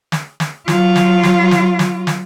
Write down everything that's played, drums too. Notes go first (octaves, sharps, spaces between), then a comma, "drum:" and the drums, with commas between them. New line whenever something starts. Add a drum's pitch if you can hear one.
drum: snare
drum: snare
F#3 F4, drum: snare
drum: snare
drum: snare
drum: snare
drum: snare
drum: snare